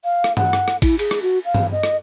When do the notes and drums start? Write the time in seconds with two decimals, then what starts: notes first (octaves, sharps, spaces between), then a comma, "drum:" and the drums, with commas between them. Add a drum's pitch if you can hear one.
0.04 F5
0.24 drum: rim click
0.37 F#5, drum: tom G2
0.53 drum: rim click
0.68 drum: rim click
0.82 E4, drum: kick, cymbal
0.99 G#4, drum: cymbal
1.11 drum: rim click
1.22 F#4
1.45 F5
1.54 drum: tom G2
1.72 D#5
1.83 drum: rim click